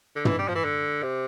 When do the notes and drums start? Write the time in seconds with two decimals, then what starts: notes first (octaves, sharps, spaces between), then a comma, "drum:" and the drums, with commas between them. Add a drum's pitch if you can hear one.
0.16 D3
0.25 E3, drum: tom
0.39 G3
0.48 F3
0.55 E3
0.64 D3
1.03 C3